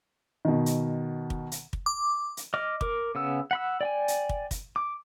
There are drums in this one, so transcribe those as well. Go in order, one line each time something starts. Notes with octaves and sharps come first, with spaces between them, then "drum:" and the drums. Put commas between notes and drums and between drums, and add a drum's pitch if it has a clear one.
B2 D#3
drum: hi-hat
drum: kick
drum: hi-hat
drum: kick
D6
drum: hi-hat
D#5 D6 F6
A#4 D6, drum: kick
C#3 B3 E6
F#5 B5 E6
D5 G5 G#5
drum: hi-hat
drum: kick
drum: kick, hi-hat
D6